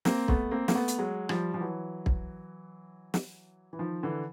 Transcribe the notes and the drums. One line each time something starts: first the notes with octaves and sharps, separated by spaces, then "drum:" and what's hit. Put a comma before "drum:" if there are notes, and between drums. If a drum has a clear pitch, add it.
A#3 C4, drum: snare
A3 B3, drum: kick
A#3 C4
A#3, drum: snare
A3 B3
drum: hi-hat
F#3 G#3
F3 G3, drum: rim click
F3
E3 F#3
drum: kick
drum: snare
E3
D#3 F3
D3 E3